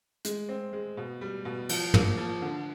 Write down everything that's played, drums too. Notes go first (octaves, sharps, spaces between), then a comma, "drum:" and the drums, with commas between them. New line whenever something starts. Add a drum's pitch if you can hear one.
G#3, drum: hi-hat
C4
G#3
B2
G3
B2
F3, drum: cymbal
A#3, drum: tom
F3
D3